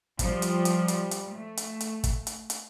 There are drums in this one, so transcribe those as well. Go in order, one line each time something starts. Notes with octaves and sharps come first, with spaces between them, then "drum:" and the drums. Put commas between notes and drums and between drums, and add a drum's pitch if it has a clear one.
F3 G3, drum: kick, hi-hat
drum: hi-hat
drum: hi-hat
drum: hi-hat
drum: hi-hat
A3
drum: hi-hat
drum: hi-hat
drum: kick, hi-hat
drum: hi-hat
drum: hi-hat